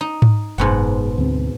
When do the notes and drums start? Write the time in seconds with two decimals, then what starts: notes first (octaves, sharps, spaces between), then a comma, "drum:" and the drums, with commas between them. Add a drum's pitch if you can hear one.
0.01 D#4
0.22 drum: tom G#2
0.58 F#1 G#2 B2 F#5
1.18 D2 C4